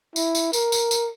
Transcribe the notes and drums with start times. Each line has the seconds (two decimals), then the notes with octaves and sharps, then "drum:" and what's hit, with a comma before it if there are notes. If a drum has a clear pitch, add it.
0.16 E4, drum: tambourine
0.35 drum: tambourine
0.53 A#4, drum: tambourine
0.72 drum: tambourine
0.91 drum: tambourine